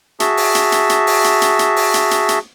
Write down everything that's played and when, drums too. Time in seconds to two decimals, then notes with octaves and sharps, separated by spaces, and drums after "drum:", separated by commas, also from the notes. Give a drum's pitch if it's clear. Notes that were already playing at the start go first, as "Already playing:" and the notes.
0.20 F#4 G#4 E5 A5, drum: hi-hat
0.37 drum: open hi-hat
0.55 drum: hi-hat
0.72 drum: hi-hat
0.89 drum: hi-hat
1.07 drum: open hi-hat
1.24 drum: hi-hat
1.42 drum: hi-hat
1.59 drum: hi-hat
1.76 drum: open hi-hat
1.94 drum: hi-hat
2.11 drum: hi-hat
2.29 drum: hi-hat